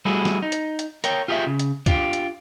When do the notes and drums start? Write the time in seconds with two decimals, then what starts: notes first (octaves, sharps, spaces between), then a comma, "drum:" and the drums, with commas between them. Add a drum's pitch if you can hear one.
0.05 G3 A3 E4 F#4 G#4
0.25 drum: snare
0.42 D#4
0.52 drum: hi-hat
0.79 drum: hi-hat
1.04 A#4 C#5 G5, drum: hi-hat
1.28 F4 G4 G#4 C5 E5 G5
1.47 C#3
1.59 drum: hi-hat
1.86 D4 F4 G4, drum: kick C#2, hi-hat
2.13 drum: hi-hat